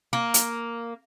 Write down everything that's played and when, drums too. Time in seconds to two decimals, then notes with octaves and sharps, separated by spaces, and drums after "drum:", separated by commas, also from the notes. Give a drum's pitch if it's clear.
0.13 A#3
0.34 drum: hi-hat